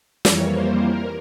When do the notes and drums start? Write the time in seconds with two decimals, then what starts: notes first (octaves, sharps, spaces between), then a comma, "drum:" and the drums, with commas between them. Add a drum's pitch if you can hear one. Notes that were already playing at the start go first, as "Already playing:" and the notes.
0.25 F2 E3 G3 A#3 C#5, drum: snare
0.53 C5
0.82 A#4